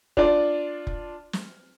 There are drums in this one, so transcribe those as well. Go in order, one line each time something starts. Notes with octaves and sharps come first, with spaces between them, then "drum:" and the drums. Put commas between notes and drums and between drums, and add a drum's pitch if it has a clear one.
D4 F4 D5, drum: kick F1
drum: kick F1
drum: snare